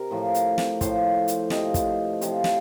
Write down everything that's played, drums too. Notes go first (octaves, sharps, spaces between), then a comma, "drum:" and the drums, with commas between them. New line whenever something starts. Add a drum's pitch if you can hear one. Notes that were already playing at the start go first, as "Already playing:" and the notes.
Already playing: C3 A#4
A2 F3
drum: hi-hat
drum: snare
A2 F3 C5, drum: kick, hi-hat
drum: hi-hat
C3 F3 D#5, drum: snare
drum: kick, hi-hat
C5
C3 F3, drum: hi-hat
drum: snare